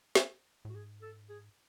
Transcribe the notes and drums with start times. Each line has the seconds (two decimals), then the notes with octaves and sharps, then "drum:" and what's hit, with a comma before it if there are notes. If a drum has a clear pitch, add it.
0.15 drum: snare
0.65 A2
0.69 F#4
0.75 G#2 G#4
1.02 A4
1.29 G#4